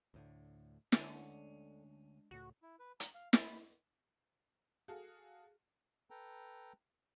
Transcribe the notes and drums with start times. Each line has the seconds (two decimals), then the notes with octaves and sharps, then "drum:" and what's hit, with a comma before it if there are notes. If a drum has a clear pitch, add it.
0.14 D2 A2 D3
0.92 D2 D3 G#3 C#4 D4, drum: snare
2.31 C#2 A2 F#4
2.62 E4
2.79 B4
3.00 A#5, drum: hi-hat
3.15 F5
3.33 B5, drum: snare
4.88 F#4 G#4 A4 F5
6.10 A4 B4 G5 A#5